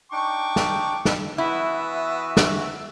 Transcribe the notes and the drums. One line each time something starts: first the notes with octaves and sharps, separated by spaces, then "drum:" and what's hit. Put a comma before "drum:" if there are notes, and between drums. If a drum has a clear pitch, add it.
D4 D#4 G5 C#6 D6
drum: snare
drum: snare
E3 B3 E4 F#4 E5
drum: snare